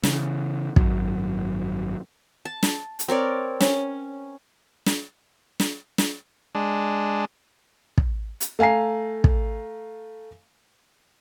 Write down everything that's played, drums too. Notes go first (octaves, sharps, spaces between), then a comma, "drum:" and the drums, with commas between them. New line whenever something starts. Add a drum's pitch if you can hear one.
C#3 E3, drum: snare
G#1 F#2 F#3, drum: kick
A5
drum: snare
drum: hi-hat
C4 A#4 C#5 D5
C#4, drum: snare
drum: snare
drum: snare
drum: snare
G#3 D4
drum: kick
drum: hi-hat
A3 F5 G#5 A#5 C7
drum: kick